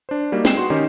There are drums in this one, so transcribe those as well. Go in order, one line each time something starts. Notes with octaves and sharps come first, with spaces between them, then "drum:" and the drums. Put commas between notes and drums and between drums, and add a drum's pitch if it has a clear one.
D4 C5
G3 A#3 D#4 F#4
G#3 G5 C7 E7, drum: snare
B3 F#4 C6
D#3 C#4 D#4 G4